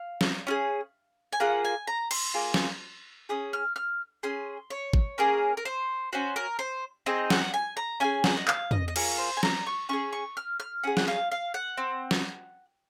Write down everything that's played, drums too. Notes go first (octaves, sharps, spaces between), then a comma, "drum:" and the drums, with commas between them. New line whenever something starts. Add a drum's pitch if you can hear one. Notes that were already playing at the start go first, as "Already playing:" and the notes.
Already playing: F5
drum: snare
C#4 F4 G#4
G#5
A#3 F4 G#4 F#5
G#5
A#5
C6, drum: cymbal
A#3 F4 G#4
drum: snare
C#4 G#4 D#6
F6
F6
C#4 G#4 C6
C#5
drum: kick G#1
A#3 C#4 G#4 A#4
A#4
C5
C#4 F#4 C5
A#4
C5
C4 D#4 G#4 D#5
F#5, drum: snare
G#5
A#5
C#4 F4 G#4 G#5
F#5, drum: snare
D#5
F5, drum: clap
D#5, drum: tom
D#5
A#3 F4 G#4 C#5, drum: cymbal
C5
G#5
A#5, drum: snare
C#6
C#4 F4 G#4 C#6
C#6
F6
F6
C#4 G#4 F#5
F#5, drum: snare
F5
F5
F#5
C4
drum: snare